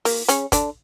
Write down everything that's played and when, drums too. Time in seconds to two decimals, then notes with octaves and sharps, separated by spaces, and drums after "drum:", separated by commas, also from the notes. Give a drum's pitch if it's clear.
0.05 A#3, drum: open hi-hat
0.28 C#3 C#4, drum: hi-hat
0.52 D3 D4, drum: kick, hi-hat